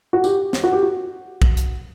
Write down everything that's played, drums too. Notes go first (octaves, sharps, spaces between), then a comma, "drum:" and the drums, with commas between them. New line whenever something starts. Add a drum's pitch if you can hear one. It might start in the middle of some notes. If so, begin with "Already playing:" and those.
F#4
G4, drum: tambourine
drum: snare
F#4
G4
F#4
drum: kick
drum: hi-hat